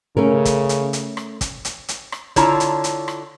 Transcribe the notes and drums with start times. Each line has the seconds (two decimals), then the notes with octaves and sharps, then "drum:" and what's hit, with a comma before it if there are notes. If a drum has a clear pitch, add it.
0.17 C#3 A3 C#4 A#4
0.45 drum: kick, hi-hat
0.69 drum: hi-hat
0.93 drum: hi-hat
1.17 drum: rim click
1.41 drum: kick, hi-hat
1.65 drum: hi-hat
1.88 drum: hi-hat
2.12 drum: rim click
2.36 D3 E4 F4 C#5 A5 A#5, drum: kick, hi-hat
2.60 drum: hi-hat
2.84 drum: hi-hat
3.08 drum: rim click